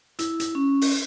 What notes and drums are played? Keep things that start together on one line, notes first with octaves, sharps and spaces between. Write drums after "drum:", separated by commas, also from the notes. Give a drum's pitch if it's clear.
E4, drum: hi-hat
drum: hi-hat
C#4
drum: open hi-hat